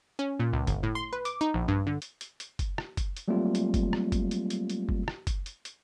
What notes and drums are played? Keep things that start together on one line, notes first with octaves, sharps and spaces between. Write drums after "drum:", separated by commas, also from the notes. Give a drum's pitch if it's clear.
C#4
A#2
C#2
G1, drum: kick F#1, hi-hat
A2
C6
B4
D6, drum: hi-hat
D#4
A#1
G2
D3
drum: hi-hat
drum: hi-hat
drum: hi-hat
drum: kick F#1, hi-hat
drum: rim click
drum: kick F#1, hi-hat
drum: hi-hat
F#3 G3 A3 A#3 C4 F4
drum: hi-hat
drum: kick F#1, hi-hat
drum: rim click
drum: kick F#1, hi-hat
drum: hi-hat
drum: hi-hat
drum: hi-hat
drum: kick F#1
drum: rim click
drum: kick F#1, hi-hat
drum: hi-hat
drum: hi-hat